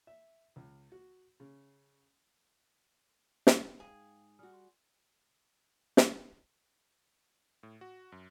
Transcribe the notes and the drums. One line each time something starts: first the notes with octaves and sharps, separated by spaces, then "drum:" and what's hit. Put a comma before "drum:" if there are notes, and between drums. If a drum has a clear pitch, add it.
E5
C#2
F#4
C#3
B2, drum: snare
G#2 G#4 F5 G5
G3 F#4 G#5 D#6 F6
C6
drum: snare
A2
F#4
F#2